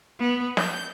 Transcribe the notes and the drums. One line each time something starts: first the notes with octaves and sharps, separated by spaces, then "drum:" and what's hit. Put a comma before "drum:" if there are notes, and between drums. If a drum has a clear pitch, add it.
B3
G6, drum: snare